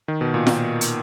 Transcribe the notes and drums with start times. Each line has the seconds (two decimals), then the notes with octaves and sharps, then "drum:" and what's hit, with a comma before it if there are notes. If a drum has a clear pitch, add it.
0.08 D#3
0.21 B2
0.34 A#2
0.47 drum: snare F4
0.81 drum: hi-hat